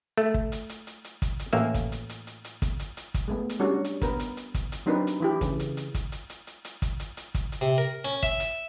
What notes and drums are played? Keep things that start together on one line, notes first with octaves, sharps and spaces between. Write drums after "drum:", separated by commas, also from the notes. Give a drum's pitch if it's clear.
A3
drum: kick
drum: hi-hat
drum: hi-hat
drum: hi-hat
drum: hi-hat
drum: kick, hi-hat
drum: hi-hat
A1 A#3 E5
drum: kick, hi-hat
drum: hi-hat
drum: hi-hat
drum: hi-hat
drum: hi-hat
drum: kick, hi-hat
drum: hi-hat
drum: hi-hat
drum: kick, hi-hat
G#3 A3 B3
drum: hi-hat
G3 C#4 D4 F#4
drum: hi-hat
B3 A#4 B4, drum: kick, hi-hat
drum: hi-hat
drum: hi-hat
drum: kick, hi-hat
drum: hi-hat
F#3 C4 D4 D#4 A#4 B4
drum: hi-hat
E3 E4 G4
C#3 E3, drum: kick, hi-hat
drum: hi-hat
drum: hi-hat
drum: kick, hi-hat
drum: hi-hat
drum: hi-hat
drum: hi-hat
drum: hi-hat
drum: kick, hi-hat
drum: hi-hat
drum: hi-hat
drum: kick, hi-hat
drum: hi-hat
C3
A#4
C#4, drum: hi-hat
E5, drum: kick, hi-hat
drum: hi-hat